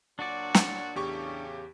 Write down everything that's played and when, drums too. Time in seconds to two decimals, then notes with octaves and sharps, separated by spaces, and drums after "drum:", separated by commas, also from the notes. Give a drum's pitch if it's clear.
0.19 A#2 F#3 D4 F#4 D5
0.54 drum: snare
0.95 E2 A2 C#3 G4 C#6